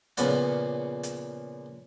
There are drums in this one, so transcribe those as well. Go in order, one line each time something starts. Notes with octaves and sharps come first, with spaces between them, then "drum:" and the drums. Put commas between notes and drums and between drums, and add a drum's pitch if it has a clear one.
A#2 C#3 F3 B3 D5 F#5, drum: hi-hat
drum: hi-hat